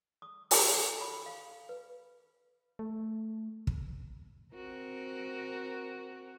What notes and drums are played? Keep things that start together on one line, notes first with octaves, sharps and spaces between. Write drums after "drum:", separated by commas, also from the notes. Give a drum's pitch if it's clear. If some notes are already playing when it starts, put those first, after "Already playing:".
D#6
D6, drum: open hi-hat
A4
B5
F5
B4
A3
drum: kick
C4 F#4 A#4